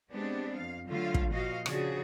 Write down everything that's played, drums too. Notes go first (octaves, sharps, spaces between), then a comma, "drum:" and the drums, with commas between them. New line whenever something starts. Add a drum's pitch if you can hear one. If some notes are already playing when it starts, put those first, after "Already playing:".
G#3 B3 C4 D4 G4
F2 F5
D3 F#3 A3 F4 F5
drum: kick
A#2 F3 F#4 D#5 F5
C#3 F3 D4 F#4 G#4, drum: rim click